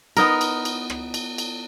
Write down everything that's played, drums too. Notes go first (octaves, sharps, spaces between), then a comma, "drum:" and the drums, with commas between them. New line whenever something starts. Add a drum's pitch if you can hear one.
B3 D#4 A#4, drum: cymbal
drum: cymbal
drum: cymbal
drum: rim click
drum: cymbal
drum: cymbal